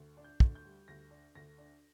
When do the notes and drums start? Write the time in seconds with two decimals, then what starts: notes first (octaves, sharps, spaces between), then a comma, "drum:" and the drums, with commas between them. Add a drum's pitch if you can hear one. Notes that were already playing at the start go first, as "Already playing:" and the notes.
Already playing: D2
0.17 D4
0.24 G6
0.40 D2, drum: kick
0.55 G6
0.64 G3
0.88 D2 A#6
1.11 D4
1.35 D2 A#6
1.58 D4